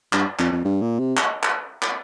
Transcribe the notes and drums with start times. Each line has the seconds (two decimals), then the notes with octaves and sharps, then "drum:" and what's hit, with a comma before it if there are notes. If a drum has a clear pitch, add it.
0.13 G2, drum: clap
0.39 F2, drum: clap
0.52 F2
0.65 G2
0.82 A#2
0.99 C3
1.17 drum: clap
1.43 drum: clap
1.82 drum: clap